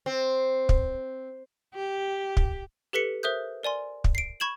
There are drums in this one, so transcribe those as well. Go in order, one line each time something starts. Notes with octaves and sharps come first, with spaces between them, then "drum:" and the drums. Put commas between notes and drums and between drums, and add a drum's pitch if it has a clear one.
C4
drum: kick
G4
drum: kick
G4 A4 B4 B6 C#7
A#4 C5 E5 D#6 F#6 G6
A#4 D5 G#5 C6
drum: kick
C7 D7
B5 C#6 G#6 E7 F#7